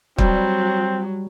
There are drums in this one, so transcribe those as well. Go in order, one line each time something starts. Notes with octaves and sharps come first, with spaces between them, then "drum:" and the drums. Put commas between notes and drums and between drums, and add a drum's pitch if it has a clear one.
F#3 G3 C4, drum: kick